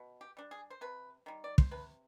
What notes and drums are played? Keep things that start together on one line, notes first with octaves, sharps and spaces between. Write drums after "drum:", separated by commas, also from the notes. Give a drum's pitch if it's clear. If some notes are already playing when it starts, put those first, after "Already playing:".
Already playing: B2
G4
G3 D4
G#4
C5
C3 B4
D#3 G3
D5
C5, drum: kick
C3 B4